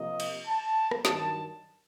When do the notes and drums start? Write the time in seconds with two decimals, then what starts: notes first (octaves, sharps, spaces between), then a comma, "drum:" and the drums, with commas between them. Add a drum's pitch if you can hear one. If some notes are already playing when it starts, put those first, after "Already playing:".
Already playing: C3 F3 A#3 D#5
0.20 drum: cymbal
0.48 A5
0.91 drum: rim click
1.05 G2 D#3 F#3 A5, drum: snare